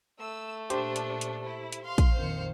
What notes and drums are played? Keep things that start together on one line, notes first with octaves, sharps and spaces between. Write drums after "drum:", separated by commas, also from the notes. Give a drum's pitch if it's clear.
A3 E6
A#2 D4 G4 C5, drum: hi-hat
drum: hi-hat
drum: hi-hat
E4
drum: hi-hat
F5 C6
drum: kick, hi-hat
A#1 F2 D#3 C5 C#7